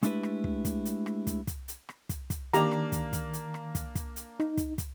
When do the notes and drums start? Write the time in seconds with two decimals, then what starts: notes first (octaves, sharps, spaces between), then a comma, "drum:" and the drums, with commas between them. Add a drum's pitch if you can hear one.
0.03 G#3 A3 D4 E4 G4 B4, drum: hi-hat
0.23 drum: rim click
0.44 drum: kick
0.65 drum: kick, hi-hat
0.85 drum: hi-hat
1.06 drum: rim click
1.27 drum: kick, hi-hat
1.47 drum: kick, hi-hat
1.68 drum: hi-hat
1.89 drum: rim click
2.09 drum: kick, hi-hat
2.30 drum: kick, hi-hat
2.53 D#3 A#3 D4 G4 A#5, drum: hi-hat
2.71 drum: rim click
2.92 drum: kick, hi-hat
3.13 drum: kick, hi-hat
3.33 drum: hi-hat
3.54 drum: rim click
3.75 drum: kick, hi-hat
3.95 drum: kick, hi-hat
4.16 drum: hi-hat
4.40 D#4, drum: rim click
4.57 drum: kick, hi-hat
4.78 drum: kick, hi-hat